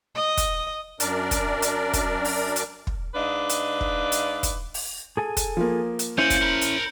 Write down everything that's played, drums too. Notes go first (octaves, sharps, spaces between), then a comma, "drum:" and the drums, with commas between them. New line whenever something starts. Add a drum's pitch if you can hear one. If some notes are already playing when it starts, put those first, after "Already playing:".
D#5
drum: kick, hi-hat
F#2 D4 A#4 D5, drum: hi-hat
drum: kick, hi-hat
drum: hi-hat
drum: kick, hi-hat
drum: open hi-hat
drum: hi-hat
drum: kick
G#2 D4 B4 D#5 F5
drum: hi-hat
drum: kick
drum: hi-hat
drum: kick, hi-hat
drum: open hi-hat
G#4 A4 G#5
drum: kick, hi-hat
F3 A#3
drum: hi-hat
C#4 E4 F4 C5 G#5 G6 C#7 F#7
drum: kick, hi-hat
A#4 B5
drum: hi-hat